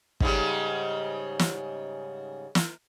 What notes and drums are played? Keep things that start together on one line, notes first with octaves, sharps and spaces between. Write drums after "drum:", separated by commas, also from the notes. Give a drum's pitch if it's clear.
G#2 C#3 G3, drum: kick
drum: snare
drum: snare